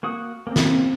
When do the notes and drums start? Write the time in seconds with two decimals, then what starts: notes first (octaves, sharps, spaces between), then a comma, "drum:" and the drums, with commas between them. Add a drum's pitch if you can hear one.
0.03 A#3 F#4 D#6
0.47 A#3 C4
0.56 drum: snare